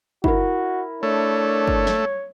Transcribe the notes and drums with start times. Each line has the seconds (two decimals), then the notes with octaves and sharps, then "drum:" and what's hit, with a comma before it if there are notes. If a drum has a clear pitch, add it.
0.24 E4 F#4 A#4, drum: kick
1.03 A3 D4 C#5
1.68 drum: kick
1.87 drum: snare